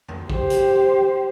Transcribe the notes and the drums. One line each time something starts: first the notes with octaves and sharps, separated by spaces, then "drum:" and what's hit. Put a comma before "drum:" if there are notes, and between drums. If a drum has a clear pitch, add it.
drum: tom F2
G4 C5, drum: kick
drum: hi-hat